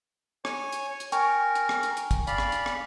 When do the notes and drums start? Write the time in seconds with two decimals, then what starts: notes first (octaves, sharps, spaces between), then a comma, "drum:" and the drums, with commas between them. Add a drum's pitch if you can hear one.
0.45 C#5 G#5, drum: rim click
0.72 drum: hi-hat
1.00 drum: hi-hat
1.12 A#4 G5 G#5 C#6, drum: hi-hat
1.55 drum: hi-hat
1.69 drum: rim click
1.83 drum: hi-hat
1.97 drum: hi-hat
2.11 drum: kick, hi-hat
2.27 D5 F5 B5, drum: hi-hat
2.38 drum: rim click
2.52 drum: hi-hat
2.66 drum: rim click